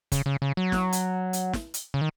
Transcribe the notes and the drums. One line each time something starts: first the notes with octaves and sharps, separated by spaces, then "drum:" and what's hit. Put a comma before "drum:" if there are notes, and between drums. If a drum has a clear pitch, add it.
C#3, drum: kick, hi-hat
C#3
C#3
F#3
drum: snare
drum: hi-hat
drum: hi-hat
drum: snare
drum: hi-hat
C#3
D#3